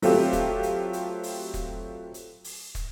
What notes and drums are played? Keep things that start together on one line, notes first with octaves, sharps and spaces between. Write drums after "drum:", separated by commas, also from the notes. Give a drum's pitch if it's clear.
F#3 A3 C4 F4 G4, drum: open hi-hat
drum: kick, hi-hat
drum: hi-hat
drum: hi-hat
drum: open hi-hat
drum: kick, hi-hat
drum: hi-hat
drum: open hi-hat
drum: kick, hi-hat